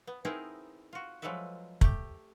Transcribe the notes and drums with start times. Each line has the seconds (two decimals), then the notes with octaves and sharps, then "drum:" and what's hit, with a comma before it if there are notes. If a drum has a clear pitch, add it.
0.07 B3
0.25 B3 C4 D#4 E4 G#4 A#4
0.93 F4 F#4
1.22 F3 F#3 G#3 A4 B4 E5
1.81 A3 G4, drum: kick